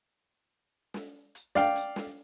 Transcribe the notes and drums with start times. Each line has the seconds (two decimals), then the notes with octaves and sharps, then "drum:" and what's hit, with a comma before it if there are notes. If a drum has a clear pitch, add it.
0.94 drum: snare
1.35 drum: hi-hat
1.55 D5 F5 G5, drum: snare
1.76 drum: hi-hat
1.96 drum: snare